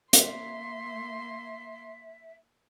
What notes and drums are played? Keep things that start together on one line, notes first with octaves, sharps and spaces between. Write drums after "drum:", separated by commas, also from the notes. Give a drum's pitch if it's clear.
A#3 E5 C6, drum: hi-hat